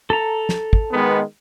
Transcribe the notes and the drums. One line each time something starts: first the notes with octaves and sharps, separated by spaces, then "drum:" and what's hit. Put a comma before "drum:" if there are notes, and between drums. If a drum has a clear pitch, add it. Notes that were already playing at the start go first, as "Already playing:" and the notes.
A4 A#5
drum: snare
drum: kick
D#3 G#3 B3